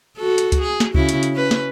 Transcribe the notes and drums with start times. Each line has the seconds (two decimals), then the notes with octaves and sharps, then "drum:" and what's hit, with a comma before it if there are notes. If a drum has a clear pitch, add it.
0.17 F#4 A4
0.38 drum: hi-hat
0.52 drum: kick C#2, hi-hat
0.61 G#4
0.80 drum: snare
0.94 C#3 E4 F#4, drum: kick C#2
1.09 drum: hi-hat
1.23 drum: hi-hat
1.33 C#4 B4
1.51 drum: snare